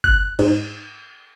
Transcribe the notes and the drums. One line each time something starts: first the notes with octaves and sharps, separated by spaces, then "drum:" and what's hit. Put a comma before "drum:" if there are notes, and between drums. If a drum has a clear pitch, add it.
F#6, drum: kick
G#2, drum: cymbal